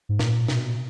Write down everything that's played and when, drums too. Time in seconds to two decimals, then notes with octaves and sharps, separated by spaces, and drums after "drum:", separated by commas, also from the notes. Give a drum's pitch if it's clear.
0.09 G#2
0.19 A#2, drum: snare
0.48 B2, drum: snare